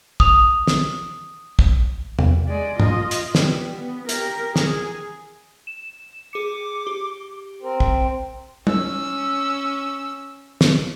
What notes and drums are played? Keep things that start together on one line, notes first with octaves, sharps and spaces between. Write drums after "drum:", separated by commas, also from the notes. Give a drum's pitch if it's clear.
D#6 F7, drum: kick
drum: snare
drum: kick
drum: tom E2
G#3 D5
F4 D#5, drum: tom G#2
drum: hi-hat
G3 B3, drum: snare
B3
G4 A#4, drum: hi-hat
G#4, drum: snare
E7
G#4 D6 C#7
G4
C4 A#4
drum: kick
C#4 E6, drum: tom G3
drum: snare